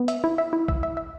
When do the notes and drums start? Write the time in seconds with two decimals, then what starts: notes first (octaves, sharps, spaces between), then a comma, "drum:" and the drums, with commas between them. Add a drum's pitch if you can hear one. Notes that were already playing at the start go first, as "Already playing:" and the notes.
Already playing: B3
0.08 E5, drum: hi-hat
0.24 E4
0.38 E5
0.53 E4
0.68 E5, drum: kick
0.83 E5
0.97 E5